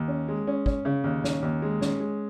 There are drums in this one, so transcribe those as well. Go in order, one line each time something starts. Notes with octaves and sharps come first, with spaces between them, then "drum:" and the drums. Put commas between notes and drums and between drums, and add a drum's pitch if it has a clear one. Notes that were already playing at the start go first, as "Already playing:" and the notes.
Already playing: D#2
C#4
G#3
C#4
C#4, drum: kick
C#3
D#2
C#4, drum: snare
D#2
G#3
C#4, drum: snare
G#3